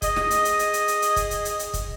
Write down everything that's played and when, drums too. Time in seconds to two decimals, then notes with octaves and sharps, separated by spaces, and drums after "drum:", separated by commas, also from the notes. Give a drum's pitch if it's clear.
0.02 G#4 D#5, drum: kick, hi-hat
0.16 drum: snare
0.31 drum: hi-hat
0.45 drum: hi-hat
0.59 drum: hi-hat
0.73 drum: hi-hat
0.88 drum: hi-hat
1.02 drum: hi-hat
1.16 drum: kick, hi-hat
1.31 drum: hi-hat
1.45 drum: hi-hat
1.59 drum: hi-hat
1.74 drum: kick, hi-hat